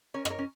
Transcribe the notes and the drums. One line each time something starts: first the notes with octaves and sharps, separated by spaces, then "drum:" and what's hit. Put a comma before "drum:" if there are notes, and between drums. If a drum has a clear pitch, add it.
C#4 A#4 C#5
D#5, drum: rim click
A#4 C#5
C#4